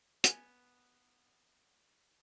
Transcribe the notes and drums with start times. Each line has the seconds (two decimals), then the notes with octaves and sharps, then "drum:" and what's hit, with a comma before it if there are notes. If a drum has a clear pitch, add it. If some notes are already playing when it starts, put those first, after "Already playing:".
0.24 B3 G#5, drum: hi-hat